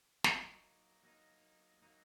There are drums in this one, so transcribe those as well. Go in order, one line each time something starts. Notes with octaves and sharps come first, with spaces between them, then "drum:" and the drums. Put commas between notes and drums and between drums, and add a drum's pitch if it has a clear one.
F#3 A#3 D#4, drum: snare
F#3 A#3 D#4
F#3 A#3 D#4